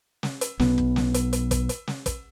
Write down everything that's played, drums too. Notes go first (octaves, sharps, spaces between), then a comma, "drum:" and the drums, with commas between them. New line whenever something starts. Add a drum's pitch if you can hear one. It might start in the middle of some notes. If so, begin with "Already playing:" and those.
drum: snare
drum: hi-hat
B1 B2 B3, drum: snare
drum: kick
drum: snare
drum: hi-hat
drum: hi-hat
drum: kick, hi-hat
drum: hi-hat
drum: snare
drum: kick, hi-hat